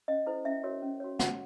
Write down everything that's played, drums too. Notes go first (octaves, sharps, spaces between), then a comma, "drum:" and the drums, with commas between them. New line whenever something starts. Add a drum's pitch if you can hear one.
C#4 D#5
E4 A4 C5
C#4 E5
F#4 A#4 C#5
C#4
F#4 A#4 C#5
F#4 F#5, drum: snare